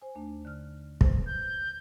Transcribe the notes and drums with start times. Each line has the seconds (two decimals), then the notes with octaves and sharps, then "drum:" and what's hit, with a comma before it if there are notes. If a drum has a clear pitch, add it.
0.02 C5 G#5
0.15 D#2 A3 D4
0.45 D3 F6
1.01 B4 C5, drum: kick
1.27 G6